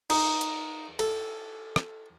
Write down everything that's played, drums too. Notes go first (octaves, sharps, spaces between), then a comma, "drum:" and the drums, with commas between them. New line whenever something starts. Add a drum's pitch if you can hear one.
D#4, drum: cymbal
drum: hi-hat
A4, drum: cymbal
drum: rim click